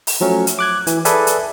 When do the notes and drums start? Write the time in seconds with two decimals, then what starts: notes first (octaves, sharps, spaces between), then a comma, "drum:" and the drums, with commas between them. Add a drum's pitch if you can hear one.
0.07 drum: open hi-hat
0.20 F3 F#3 A3 C#4
0.47 drum: hi-hat
0.59 D6 F#6 G#6
0.87 E3, drum: hi-hat
1.05 G#4 A4 B4 D5 E5 G#5, drum: hi-hat
1.27 drum: hi-hat